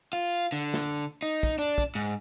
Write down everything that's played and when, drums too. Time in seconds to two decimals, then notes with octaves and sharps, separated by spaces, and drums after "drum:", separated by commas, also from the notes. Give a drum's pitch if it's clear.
0.13 F4
0.52 D3
0.74 drum: snare
1.22 D#4
1.43 drum: kick
1.59 D4
1.78 drum: kick
1.95 G#2